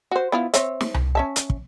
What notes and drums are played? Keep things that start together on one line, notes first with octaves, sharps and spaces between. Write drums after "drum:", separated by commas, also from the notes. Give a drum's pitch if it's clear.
F#4 C5
B3 E4 F4
C4 C#5 E5, drum: hi-hat
drum: snare
drum: tom C2
C#4 E5 A5
drum: hi-hat
drum: kick